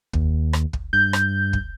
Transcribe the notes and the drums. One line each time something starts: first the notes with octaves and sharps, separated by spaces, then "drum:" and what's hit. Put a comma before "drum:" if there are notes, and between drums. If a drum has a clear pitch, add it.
D#2, drum: kick
drum: rim click
drum: kick
G2 G6
drum: rim click
drum: kick